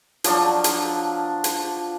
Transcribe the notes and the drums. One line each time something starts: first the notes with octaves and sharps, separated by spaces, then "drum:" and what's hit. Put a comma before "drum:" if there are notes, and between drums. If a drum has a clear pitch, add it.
F3 F#3 D4, drum: hi-hat
drum: hi-hat
drum: hi-hat